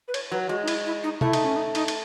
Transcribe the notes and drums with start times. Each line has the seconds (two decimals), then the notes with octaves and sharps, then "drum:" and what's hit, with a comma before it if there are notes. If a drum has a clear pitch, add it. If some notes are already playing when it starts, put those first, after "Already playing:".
0.08 B4
0.14 C#5, drum: cymbal
0.32 F#3 B4
0.49 G#3 F#4
0.63 D#4
0.68 E4, drum: cymbal
0.86 E4
1.03 D#4
1.21 A3 E4, drum: tom
1.33 D#4, drum: cymbal
1.44 C#4
1.56 D#4
1.75 D#4, drum: cymbal
1.88 drum: cymbal